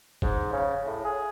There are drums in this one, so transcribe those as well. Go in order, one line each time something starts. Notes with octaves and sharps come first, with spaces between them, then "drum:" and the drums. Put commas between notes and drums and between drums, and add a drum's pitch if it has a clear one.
G#2, drum: kick F#1
C#3
A2
G#4